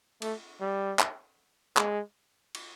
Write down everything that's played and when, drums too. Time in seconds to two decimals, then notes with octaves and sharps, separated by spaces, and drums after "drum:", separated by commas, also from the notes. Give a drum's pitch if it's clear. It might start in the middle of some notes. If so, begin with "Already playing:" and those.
0.22 A3, drum: cymbal
0.60 G3
0.99 drum: clap
1.77 G#3, drum: clap
2.55 drum: cymbal